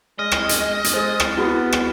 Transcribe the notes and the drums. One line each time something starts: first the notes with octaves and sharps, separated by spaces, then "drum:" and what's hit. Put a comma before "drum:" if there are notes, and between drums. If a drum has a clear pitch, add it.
G#3 D#5 F6 A#6
drum: rim click
drum: hi-hat
drum: hi-hat
G#3 A4 C5 A6
drum: rim click
B3 E4 F#4 G#4
drum: rim click